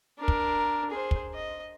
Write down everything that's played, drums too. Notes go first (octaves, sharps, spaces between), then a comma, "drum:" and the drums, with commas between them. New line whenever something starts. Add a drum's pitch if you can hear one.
D4 A#4
drum: kick
G#4 C5
drum: kick
D#5